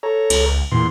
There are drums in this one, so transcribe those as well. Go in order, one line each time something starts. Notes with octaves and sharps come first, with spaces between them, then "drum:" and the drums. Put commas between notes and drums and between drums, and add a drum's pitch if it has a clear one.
A4 C#5 A#5
C#2, drum: cymbal
E2 A#2 C6